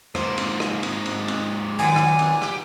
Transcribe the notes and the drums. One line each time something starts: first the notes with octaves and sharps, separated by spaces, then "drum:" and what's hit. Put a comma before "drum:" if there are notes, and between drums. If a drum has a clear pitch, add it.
G#2 A#3 C5, drum: rim click
drum: cymbal
drum: rim click
drum: cymbal
drum: cymbal
drum: cymbal
A#2 D#3 F#3 B3 G#5
drum: rim click
drum: cymbal
G4, drum: rim click